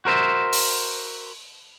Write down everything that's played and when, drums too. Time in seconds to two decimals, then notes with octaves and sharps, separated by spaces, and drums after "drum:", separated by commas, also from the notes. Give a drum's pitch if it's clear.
0.05 F#4 A#4 C5 E5
0.53 drum: open hi-hat